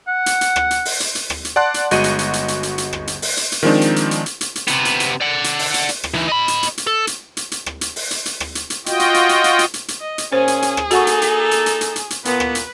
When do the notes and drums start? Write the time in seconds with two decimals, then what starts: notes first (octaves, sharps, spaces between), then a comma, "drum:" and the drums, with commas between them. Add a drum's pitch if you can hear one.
0.07 F#5
0.26 drum: hi-hat
0.41 drum: hi-hat
0.56 drum: rim click
0.71 drum: hi-hat
0.85 drum: open hi-hat
1.00 drum: hi-hat
1.15 drum: hi-hat
1.30 drum: rim click
1.45 drum: hi-hat
1.56 D5 F#5 A5 C6 F#6
1.74 drum: hi-hat
1.91 G1 G#3 F#4 D#5 C#6 D#7, drum: hi-hat
2.04 drum: hi-hat
2.19 drum: hi-hat
2.33 drum: hi-hat
2.48 drum: hi-hat
2.63 drum: hi-hat
2.78 drum: hi-hat
2.93 drum: rim click
3.07 drum: hi-hat
3.22 drum: open hi-hat
3.37 drum: hi-hat
3.52 drum: hi-hat
3.63 D#3 F3 G#3 C4 D4 D#4
3.81 drum: hi-hat
3.96 drum: hi-hat
4.11 drum: hi-hat
4.26 drum: hi-hat
4.41 drum: hi-hat
4.55 drum: hi-hat
4.67 C3 B3, drum: hi-hat
4.85 drum: hi-hat
5.00 drum: hi-hat
5.21 D5 F#5
5.44 drum: hi-hat
5.59 drum: open hi-hat
5.74 drum: hi-hat
5.89 drum: hi-hat
6.04 drum: rim click
6.14 E3 D#4
6.28 D#5 B5
6.48 drum: hi-hat
6.63 drum: hi-hat
6.78 drum: hi-hat
6.87 A4
7.07 drum: hi-hat
7.37 drum: hi-hat
7.52 drum: hi-hat
7.66 drum: rim click
7.81 drum: hi-hat
7.96 drum: open hi-hat
8.11 drum: hi-hat
8.26 drum: hi-hat
8.40 drum: rim click
8.55 drum: hi-hat
8.70 drum: hi-hat
8.86 F4 F#4 D#5 G5, drum: hi-hat
9.00 drum: hi-hat
9.14 drum: hi-hat
9.29 drum: hi-hat
9.44 drum: hi-hat
9.59 drum: hi-hat
9.74 drum: hi-hat
9.88 drum: hi-hat
10.00 D#5
10.18 drum: hi-hat
10.32 A#2 C#4 G#4 C5
10.48 drum: hi-hat
10.62 drum: hi-hat
10.77 drum: rim click
10.91 A#3 D#4 F#4 A4 F#5 C#6, drum: hi-hat
11.07 drum: hi-hat
11.22 drum: hi-hat
11.51 drum: hi-hat
11.66 drum: hi-hat
11.81 drum: hi-hat
11.96 drum: hi-hat
12.10 drum: hi-hat
12.25 A#2 B3 B4, drum: hi-hat
12.40 drum: rim click
12.55 drum: hi-hat